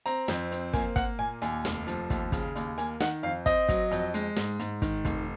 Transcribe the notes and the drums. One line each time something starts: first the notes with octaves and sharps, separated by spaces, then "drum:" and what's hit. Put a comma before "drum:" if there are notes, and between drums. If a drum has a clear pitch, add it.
C4 A#5, drum: hi-hat
F2, drum: snare
C4, drum: hi-hat
A#3 G#5, drum: kick, hi-hat
A#3 F#5, drum: kick, hi-hat
A#2 G#5
D#2 G#5, drum: hi-hat
F1, drum: snare
F3, drum: hi-hat
D#2, drum: kick, hi-hat
C#3, drum: kick, hi-hat
D#2, drum: hi-hat
A#3 G#5, drum: hi-hat
D#3 F#5, drum: snare
F2 F5
C4 D#5, drum: kick, hi-hat
F#3, drum: kick, hi-hat
F2, drum: hi-hat
G#3, drum: hi-hat
G#2, drum: snare
G#2, drum: hi-hat
D#3, drum: kick, hi-hat
F1, drum: kick, hi-hat